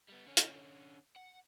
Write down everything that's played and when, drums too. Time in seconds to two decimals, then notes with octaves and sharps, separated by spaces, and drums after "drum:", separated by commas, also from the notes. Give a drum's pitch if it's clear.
0.08 G3 B3
0.26 D3 C#4
0.37 drum: hi-hat
1.16 F#5